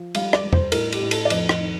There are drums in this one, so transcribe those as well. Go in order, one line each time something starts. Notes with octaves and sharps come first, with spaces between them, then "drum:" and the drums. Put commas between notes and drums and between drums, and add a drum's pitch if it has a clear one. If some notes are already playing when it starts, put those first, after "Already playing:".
Already playing: F3
G3 F5, drum: cymbal
D5, drum: rim click
G3
C5, drum: tom E2
A2 A#4, drum: cymbal
G4, drum: cymbal
A2
A4, drum: cymbal
D5
F2 D#5, drum: cymbal
D#5, drum: rim click
D#3